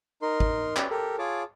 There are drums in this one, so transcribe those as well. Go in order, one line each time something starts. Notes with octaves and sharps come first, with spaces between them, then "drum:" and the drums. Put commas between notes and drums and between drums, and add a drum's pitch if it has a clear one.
D#4 A#4 C6
drum: kick
C#4 G4 B4 D5, drum: clap
G4 A4 A#4
F4 G#4 C#5 A5 D6